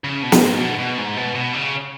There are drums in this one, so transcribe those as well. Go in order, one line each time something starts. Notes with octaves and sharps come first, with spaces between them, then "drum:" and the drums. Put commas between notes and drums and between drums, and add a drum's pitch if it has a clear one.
C#3
B2
drum: snare
G#2
B2
B2
G#2
B2
B2
C#3